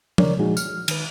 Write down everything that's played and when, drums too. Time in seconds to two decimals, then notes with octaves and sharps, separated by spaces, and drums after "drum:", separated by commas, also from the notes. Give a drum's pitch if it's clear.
0.18 C#3 E3 A#4 C#5 D5, drum: tom
0.39 A#2 F3 G#3 D#4 F#4 G#4
0.57 F6, drum: tambourine
0.88 D#3 B4, drum: cymbal